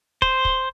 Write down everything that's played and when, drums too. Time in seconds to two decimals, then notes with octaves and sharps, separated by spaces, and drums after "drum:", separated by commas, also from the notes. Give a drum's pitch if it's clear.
0.22 C5, drum: kick
0.45 drum: kick